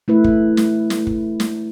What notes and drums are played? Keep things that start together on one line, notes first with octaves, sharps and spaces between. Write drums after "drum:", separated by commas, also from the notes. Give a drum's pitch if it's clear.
A3 E4 B4
drum: kick
drum: snare
drum: snare
drum: kick
drum: snare